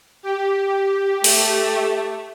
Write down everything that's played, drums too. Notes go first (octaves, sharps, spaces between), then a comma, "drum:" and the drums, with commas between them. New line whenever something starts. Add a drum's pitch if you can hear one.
G4
A3, drum: open hi-hat